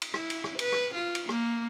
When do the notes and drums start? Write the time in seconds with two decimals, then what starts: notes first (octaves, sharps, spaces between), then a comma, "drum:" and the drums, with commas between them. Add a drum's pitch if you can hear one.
0.02 drum: cymbal
0.14 E4, drum: rim click
0.30 drum: cymbal
0.44 drum: rim click
0.59 B4, drum: cymbal
0.72 drum: rim click
0.95 F4
1.15 drum: cymbal
1.29 A#3, drum: rim click